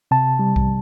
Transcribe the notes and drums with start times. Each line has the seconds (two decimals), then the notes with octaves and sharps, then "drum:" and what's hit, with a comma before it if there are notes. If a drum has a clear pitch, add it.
0.11 C3 A5
0.39 G3
0.56 drum: kick B1